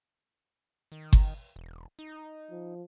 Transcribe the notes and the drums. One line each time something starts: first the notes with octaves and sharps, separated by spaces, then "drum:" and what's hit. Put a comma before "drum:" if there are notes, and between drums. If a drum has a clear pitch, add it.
D#3
drum: kick G1
E1
D#4
F3